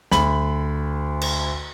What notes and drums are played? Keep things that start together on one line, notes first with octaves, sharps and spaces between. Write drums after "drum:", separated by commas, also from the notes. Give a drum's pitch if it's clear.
D2 B5 F#7, drum: snare
drum: cymbal